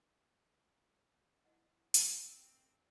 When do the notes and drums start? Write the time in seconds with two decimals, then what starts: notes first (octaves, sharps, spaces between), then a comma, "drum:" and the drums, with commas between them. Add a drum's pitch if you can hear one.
1.45 E4 D#5 F#5
1.94 drum: hi-hat
2.10 C4